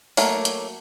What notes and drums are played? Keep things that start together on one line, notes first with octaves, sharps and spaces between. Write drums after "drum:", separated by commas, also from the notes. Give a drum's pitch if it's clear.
F#3 A3 A#3, drum: open hi-hat
drum: hi-hat